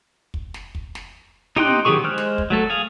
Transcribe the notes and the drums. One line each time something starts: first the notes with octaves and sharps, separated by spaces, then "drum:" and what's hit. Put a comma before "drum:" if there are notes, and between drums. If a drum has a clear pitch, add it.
drum: kick
drum: snare
drum: kick
drum: snare
D#4 G4 G5 C6 F#6, drum: tom
D#3 F#3 G4 G#4 C#6
G#3 C5 F6 F#6
drum: snare
drum: kick
F#3 A3 A4
G#4 F5